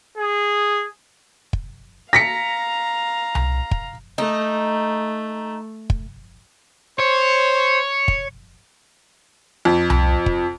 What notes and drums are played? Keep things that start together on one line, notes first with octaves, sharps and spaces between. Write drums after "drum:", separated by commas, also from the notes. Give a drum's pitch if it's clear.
G#4
drum: kick
F5 A#5 A#6 B6 C#7
drum: tom C2
drum: kick
A3 D#4
drum: kick
C5 C#5
drum: kick
F2
drum: tom C2
drum: kick